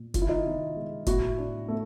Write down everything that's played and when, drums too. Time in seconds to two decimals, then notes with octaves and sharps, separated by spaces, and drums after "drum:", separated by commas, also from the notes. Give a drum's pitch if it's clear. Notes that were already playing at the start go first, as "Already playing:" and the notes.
Already playing: A#2
0.14 D#3 F4, drum: kick F1, hi-hat
0.22 E4
0.29 D#4 F4
0.46 D#3
0.77 G#3
1.06 A2 E4 F#4, drum: kick F1, hi-hat
1.38 D4
1.68 A3